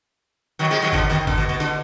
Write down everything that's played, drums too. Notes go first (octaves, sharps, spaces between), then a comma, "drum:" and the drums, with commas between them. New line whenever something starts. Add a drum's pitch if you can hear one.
D#3 F#3
F3 G#3
D#3 F#3
D3 F3, drum: kick G1
B2 D#3
D3, drum: kick G1
B2
B2
D3, drum: snare